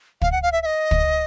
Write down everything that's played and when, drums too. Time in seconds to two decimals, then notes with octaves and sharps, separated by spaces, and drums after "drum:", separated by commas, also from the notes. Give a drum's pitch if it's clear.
0.22 F5, drum: kick
0.32 F#5
0.43 F5
0.52 E5
0.62 E5
0.66 D#5
0.91 drum: kick